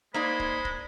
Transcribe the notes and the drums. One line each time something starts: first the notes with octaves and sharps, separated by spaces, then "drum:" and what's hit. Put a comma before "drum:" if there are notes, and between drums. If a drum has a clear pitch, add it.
G#3 A#3 D#4 C5 D5 B5
drum: kick
drum: kick